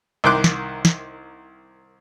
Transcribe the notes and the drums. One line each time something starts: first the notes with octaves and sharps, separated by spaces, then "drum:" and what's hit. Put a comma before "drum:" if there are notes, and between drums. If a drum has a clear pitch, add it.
C2 D#3 G5 C6 D6 F#6
drum: snare
drum: snare